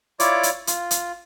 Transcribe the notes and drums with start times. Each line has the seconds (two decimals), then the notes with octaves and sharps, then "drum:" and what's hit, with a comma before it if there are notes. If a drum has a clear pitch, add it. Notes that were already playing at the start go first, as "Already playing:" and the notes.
0.20 E4 F4 C#5 D5 D6, drum: hi-hat
0.43 drum: hi-hat
0.67 F4, drum: hi-hat
0.91 drum: hi-hat